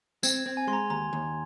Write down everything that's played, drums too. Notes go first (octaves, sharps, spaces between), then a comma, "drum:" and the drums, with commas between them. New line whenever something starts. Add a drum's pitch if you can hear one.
C4 G#6, drum: tambourine
C4
G#5
G#3 C6
A#5
D#2 A#5
D#2